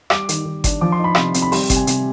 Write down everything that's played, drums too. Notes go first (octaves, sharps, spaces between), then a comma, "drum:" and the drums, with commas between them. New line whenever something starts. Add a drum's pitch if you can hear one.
G3 D6, drum: rim click
D#3, drum: hi-hat
D#3
D4, drum: kick G1, hi-hat
F3 D6
C6
D#4
B5
C3 C6, drum: rim click
C4, drum: hi-hat
B5
G3 C6, drum: open hi-hat
C3, drum: kick G1, hi-hat
G#5
C3, drum: hi-hat